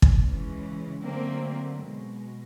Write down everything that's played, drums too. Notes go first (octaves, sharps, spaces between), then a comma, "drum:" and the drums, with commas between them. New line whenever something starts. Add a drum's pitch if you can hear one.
drum: kick
C#3 E3 G#3
D3 F#3 A3 A#3 C4
B2 G#3